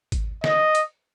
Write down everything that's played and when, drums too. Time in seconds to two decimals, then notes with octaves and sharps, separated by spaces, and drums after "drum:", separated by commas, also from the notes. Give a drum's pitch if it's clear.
0.12 drum: kick G#1, hi-hat
0.44 D#5, drum: snare
0.75 drum: hi-hat